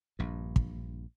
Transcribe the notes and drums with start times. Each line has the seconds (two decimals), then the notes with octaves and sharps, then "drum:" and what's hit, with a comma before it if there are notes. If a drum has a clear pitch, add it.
0.19 A#1 G2
0.56 drum: kick